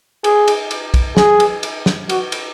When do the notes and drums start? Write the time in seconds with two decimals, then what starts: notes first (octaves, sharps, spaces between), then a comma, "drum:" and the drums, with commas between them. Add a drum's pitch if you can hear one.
0.24 G#4, drum: cymbal
0.48 drum: cymbal
0.71 drum: cymbal
0.94 drum: kick, cymbal
1.17 G#4, drum: snare
1.40 drum: cymbal
1.63 drum: cymbal
1.86 drum: snare
2.09 F#4, drum: cymbal
2.32 drum: cymbal